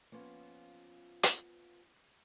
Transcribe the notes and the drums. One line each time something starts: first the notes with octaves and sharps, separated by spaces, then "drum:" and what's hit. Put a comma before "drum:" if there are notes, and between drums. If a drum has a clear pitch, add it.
F3 A#3 B3 C#4 F4
drum: hi-hat